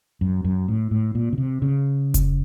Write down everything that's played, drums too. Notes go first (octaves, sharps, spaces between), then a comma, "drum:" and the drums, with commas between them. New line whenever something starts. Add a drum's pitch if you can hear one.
F#2
F#2
A2
A2
A#2
C#3
C3
C#3
drum: kick F1, hi-hat